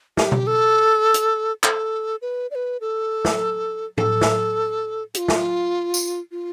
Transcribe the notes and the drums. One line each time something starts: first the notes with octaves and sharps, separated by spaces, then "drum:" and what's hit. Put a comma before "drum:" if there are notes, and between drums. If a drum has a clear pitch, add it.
G4, drum: snare
drum: tom B2
A4
drum: hi-hat
A4, drum: clap
B4
D5
B4
A4
drum: snare
A4, drum: tom A2
drum: snare
G4, drum: hi-hat
F4
drum: snare
drum: tambourine
F4